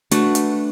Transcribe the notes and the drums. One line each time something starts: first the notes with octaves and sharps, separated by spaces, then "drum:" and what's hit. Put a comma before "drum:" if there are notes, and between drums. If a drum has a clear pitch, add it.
A3 D4 F#4 B4, drum: hi-hat
drum: hi-hat